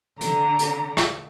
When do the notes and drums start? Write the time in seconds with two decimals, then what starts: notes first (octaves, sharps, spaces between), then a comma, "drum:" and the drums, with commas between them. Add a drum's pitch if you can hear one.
0.21 D3 A#5, drum: hi-hat
0.59 drum: hi-hat
0.97 drum: rim click